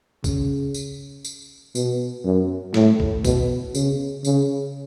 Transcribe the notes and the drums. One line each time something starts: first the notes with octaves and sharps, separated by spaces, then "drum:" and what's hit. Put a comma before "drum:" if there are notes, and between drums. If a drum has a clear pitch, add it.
C#3, drum: kick, tambourine
drum: tambourine
drum: tambourine
B2, drum: tambourine
F#2
A2, drum: snare
drum: kick
B2, drum: kick, tambourine
C#3, drum: tambourine
C#3, drum: tambourine